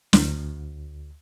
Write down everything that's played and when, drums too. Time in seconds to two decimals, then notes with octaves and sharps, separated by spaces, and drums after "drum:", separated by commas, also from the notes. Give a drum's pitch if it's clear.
0.13 D2, drum: snare